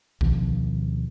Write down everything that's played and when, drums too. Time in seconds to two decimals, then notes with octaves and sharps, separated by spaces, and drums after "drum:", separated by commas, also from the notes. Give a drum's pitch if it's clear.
0.21 D2 B2 D#3 F3, drum: kick B1